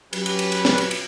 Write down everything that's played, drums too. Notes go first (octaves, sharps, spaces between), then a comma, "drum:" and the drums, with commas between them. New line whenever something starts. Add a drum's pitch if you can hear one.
F#3 C#4 G4 B4, drum: cymbal
drum: cymbal
drum: cymbal
drum: cymbal
drum: snare
drum: cymbal
drum: cymbal